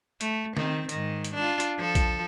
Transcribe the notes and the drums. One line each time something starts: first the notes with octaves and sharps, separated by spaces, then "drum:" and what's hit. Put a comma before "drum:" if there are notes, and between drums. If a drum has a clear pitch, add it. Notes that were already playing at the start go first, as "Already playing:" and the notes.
A3, drum: hi-hat
D#3 C4, drum: snare
G#2 D#3, drum: hi-hat
drum: hi-hat
D4 F4
drum: hi-hat
F3 A4
drum: kick A#1, hi-hat